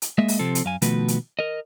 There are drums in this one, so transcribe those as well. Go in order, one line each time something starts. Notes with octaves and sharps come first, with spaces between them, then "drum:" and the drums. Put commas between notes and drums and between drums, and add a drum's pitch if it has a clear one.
drum: hi-hat
G#3 A#3 D#5 E5
drum: open hi-hat
C3 F3 C4 A4
drum: hi-hat
F#2 F5 G#5
B2 D#3 F3 A3 F#4 B4, drum: hi-hat
drum: hi-hat
A#4 D#5